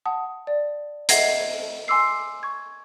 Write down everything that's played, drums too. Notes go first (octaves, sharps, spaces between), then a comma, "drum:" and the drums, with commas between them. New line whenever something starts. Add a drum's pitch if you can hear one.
F#5 A5 D#6
D5
D#5 E5 F#5 G#6 A#6 C7, drum: hi-hat
G#5 C6 D6 E6 C7
C#6 G#6